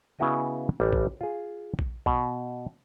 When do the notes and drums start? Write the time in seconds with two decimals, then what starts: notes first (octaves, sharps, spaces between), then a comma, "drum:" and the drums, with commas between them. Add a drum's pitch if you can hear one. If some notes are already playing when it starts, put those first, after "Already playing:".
0.19 C#3 B3 E4 F#4 D#5 G#5
0.80 A1 G3
0.93 drum: kick A#1
1.21 F4 G#4
1.79 drum: kick A#1
2.06 B2, drum: kick A#1